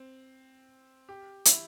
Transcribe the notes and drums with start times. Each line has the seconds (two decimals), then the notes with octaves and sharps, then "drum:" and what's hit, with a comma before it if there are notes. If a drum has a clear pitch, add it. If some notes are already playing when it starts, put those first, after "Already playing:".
Already playing: C4
1.09 G4
1.45 E4, drum: hi-hat